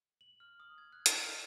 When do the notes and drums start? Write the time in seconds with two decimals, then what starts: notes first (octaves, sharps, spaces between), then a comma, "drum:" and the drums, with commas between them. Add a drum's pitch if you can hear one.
0.21 F#7
0.40 F6
0.60 D#6
0.78 G#6
0.93 F#6
1.06 F6, drum: hi-hat